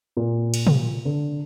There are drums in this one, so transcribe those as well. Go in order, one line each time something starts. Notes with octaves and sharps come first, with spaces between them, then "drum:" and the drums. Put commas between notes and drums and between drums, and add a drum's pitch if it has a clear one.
A#2
drum: cymbal
drum: tom
D3